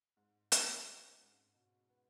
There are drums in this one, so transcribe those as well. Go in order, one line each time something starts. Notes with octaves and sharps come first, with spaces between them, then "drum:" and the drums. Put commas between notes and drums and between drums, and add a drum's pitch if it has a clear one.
G#2
F#3, drum: hi-hat
C#4
G#2
B2
B3